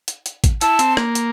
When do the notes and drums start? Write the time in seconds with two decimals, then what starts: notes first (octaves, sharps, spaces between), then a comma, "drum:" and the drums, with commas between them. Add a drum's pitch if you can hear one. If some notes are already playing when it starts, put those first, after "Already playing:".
0.08 drum: hi-hat
0.26 drum: hi-hat
0.44 drum: kick A1, hi-hat
0.61 E4 A5, drum: hi-hat
0.79 C4, drum: hi-hat
0.97 A#3, drum: rim click
1.15 drum: hi-hat